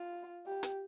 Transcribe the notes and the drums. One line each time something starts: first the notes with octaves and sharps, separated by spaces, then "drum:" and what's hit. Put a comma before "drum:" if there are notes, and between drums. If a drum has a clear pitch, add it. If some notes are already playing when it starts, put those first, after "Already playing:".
Already playing: F4
G4
drum: hi-hat